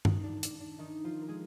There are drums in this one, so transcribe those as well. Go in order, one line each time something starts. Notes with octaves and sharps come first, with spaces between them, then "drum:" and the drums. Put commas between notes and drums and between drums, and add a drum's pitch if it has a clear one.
D#3 D#4, drum: tom G2
D4
D4, drum: hi-hat
D4
D#3 D#4
F3 F4
A#4
G#3 G#4